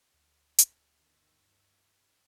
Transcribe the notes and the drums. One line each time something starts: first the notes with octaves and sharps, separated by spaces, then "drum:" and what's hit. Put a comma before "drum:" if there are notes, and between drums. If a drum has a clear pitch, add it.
D2
drum: hi-hat
G1 D#3 E6